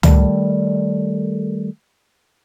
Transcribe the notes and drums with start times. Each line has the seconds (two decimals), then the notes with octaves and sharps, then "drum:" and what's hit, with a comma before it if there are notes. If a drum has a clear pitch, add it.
0.03 D#3 G3 A3, drum: tom C#2